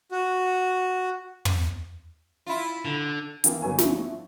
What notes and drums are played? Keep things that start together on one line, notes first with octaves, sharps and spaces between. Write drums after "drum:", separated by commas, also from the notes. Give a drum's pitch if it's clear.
F#4
drum: tom
E4 F4
D3
D#3 E3 A#3 B3 F4, drum: hi-hat
G1 F#3 B3 D#4 C#5 G#5
F3 D4 E4 F#4, drum: snare